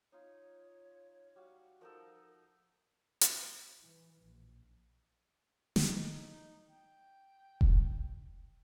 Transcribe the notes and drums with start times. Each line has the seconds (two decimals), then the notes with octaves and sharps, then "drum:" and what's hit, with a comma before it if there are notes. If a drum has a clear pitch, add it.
0.12 D#4 F4 C#5
1.36 G3 F#4 F5
1.81 F3 D#4 A4 A#4
3.21 drum: hi-hat
3.80 E3
4.24 A#1
5.76 drum: snare
5.85 D#4
6.69 G5
7.61 drum: kick E1